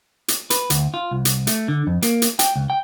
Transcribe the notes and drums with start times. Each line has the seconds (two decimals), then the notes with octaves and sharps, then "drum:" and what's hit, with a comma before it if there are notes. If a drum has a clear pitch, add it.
0.28 drum: hi-hat
0.50 B4, drum: hi-hat
0.70 D2, drum: hi-hat
0.94 F4
1.11 C2
1.25 drum: hi-hat
1.47 A3, drum: hi-hat
1.68 D3
1.87 F2
2.02 A#3, drum: hi-hat
2.22 drum: hi-hat
2.39 G5, drum: hi-hat
2.56 C#2
2.70 G5